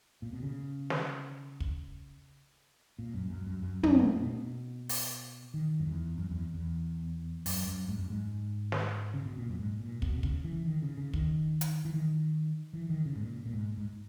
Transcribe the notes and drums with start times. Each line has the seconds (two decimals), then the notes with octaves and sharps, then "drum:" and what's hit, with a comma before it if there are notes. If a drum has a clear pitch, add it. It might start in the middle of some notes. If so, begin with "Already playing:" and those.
0.22 A#2
0.33 B2
0.43 C#3
0.90 drum: snare
1.60 drum: kick
2.99 A#2
3.14 F#2
3.30 F#2
3.46 F#2
3.62 F#2
3.83 F#2, drum: tom
4.05 B2
4.26 B2
4.89 drum: open hi-hat
5.54 D#3
5.80 F#2
5.86 E2
6.18 F#2
6.30 E2
6.54 E2
7.46 F#2, drum: open hi-hat
7.67 F#2
7.88 G#2
7.99 F#2
8.10 G#2
8.72 drum: snare
9.14 C#3
9.26 B2
9.38 A#2
9.50 F#2
9.59 G#2
9.80 A#2
10.02 B2, drum: kick
10.18 B2
10.23 C#3, drum: kick
10.44 E3
10.66 D#3
10.82 C#3
10.97 C#3
11.13 D#3, drum: kick
11.61 drum: hi-hat
11.85 E3
11.94 D#3
12.73 E3
12.90 D#3
13.06 C#3
13.15 G#2
13.21 A#2
13.46 A#2
13.53 G#2
13.77 G#2